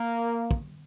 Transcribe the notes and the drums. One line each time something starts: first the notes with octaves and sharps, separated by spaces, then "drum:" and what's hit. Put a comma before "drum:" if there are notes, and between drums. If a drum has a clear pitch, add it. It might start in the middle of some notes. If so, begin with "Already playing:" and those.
Already playing: A#3
drum: kick